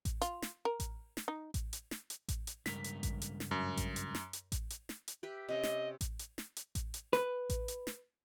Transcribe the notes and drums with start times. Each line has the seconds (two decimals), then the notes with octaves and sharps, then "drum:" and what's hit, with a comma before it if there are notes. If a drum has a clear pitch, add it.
0.05 drum: kick A1, hi-hat
0.21 F4, drum: hi-hat
0.42 drum: snare
0.65 A#4
0.80 drum: kick A1, hi-hat
1.17 drum: snare
1.28 D#4
1.54 drum: kick A1, hi-hat
1.73 drum: hi-hat
1.91 drum: snare
2.10 drum: hi-hat
2.28 drum: kick A1, hi-hat
2.47 drum: hi-hat
2.66 C#2 G2 A#4 B6, drum: snare
2.84 drum: hi-hat
3.03 drum: kick A1, hi-hat
3.22 drum: hi-hat
3.40 drum: snare
3.51 F#2
3.77 drum: kick A1, hi-hat
3.96 drum: hi-hat
4.15 drum: snare
4.33 drum: hi-hat
4.52 drum: kick A1, hi-hat
4.70 drum: hi-hat
4.89 drum: snare
5.08 drum: hi-hat
5.23 G4 B4 E5
5.49 C3 C4 C#4 D#5
5.63 drum: snare
6.01 drum: kick A1, hi-hat
6.19 drum: hi-hat
6.38 drum: snare
6.56 drum: hi-hat
6.75 drum: kick A1, hi-hat
6.94 drum: hi-hat
7.13 B4, drum: snare
7.50 drum: kick A1, hi-hat
7.68 drum: hi-hat
7.87 drum: snare